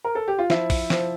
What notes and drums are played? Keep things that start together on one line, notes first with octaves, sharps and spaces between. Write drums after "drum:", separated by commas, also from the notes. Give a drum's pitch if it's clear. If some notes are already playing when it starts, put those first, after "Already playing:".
A#4
A4
G4
F4
F3 E4, drum: snare
drum: kick, open hi-hat
F3, drum: snare